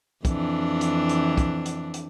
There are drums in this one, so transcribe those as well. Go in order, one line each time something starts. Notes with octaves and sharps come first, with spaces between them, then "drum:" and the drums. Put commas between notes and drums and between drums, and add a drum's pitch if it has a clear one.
F2 E3 D4, drum: kick, hi-hat
drum: hi-hat
drum: hi-hat
drum: kick, hi-hat
drum: hi-hat
drum: hi-hat